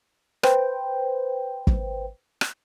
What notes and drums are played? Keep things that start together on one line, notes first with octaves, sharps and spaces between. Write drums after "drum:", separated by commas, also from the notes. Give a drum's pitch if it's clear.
B4 C5 G5, drum: rim click
drum: kick
drum: rim click